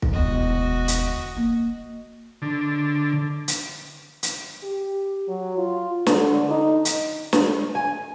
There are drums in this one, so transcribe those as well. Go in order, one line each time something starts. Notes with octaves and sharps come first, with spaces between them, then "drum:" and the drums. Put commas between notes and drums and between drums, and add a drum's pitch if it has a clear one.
drum: kick
E1 D2 F#4 D#5
drum: hi-hat
A#3
D3
drum: hi-hat
drum: hi-hat
G4
F#3
F4
D3, drum: snare
D#4
drum: hi-hat
drum: snare
G#5